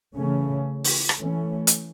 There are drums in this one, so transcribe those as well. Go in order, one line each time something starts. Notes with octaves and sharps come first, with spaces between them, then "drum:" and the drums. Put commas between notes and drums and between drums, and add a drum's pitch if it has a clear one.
C#3 E3 A3 C#4
drum: open hi-hat
drum: rim click
E3 A3 C#4
drum: hi-hat